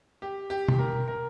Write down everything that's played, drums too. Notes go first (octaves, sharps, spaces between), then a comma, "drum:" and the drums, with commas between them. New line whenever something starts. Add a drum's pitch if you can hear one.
G4
G4
drum: tom B2
A#4
A#4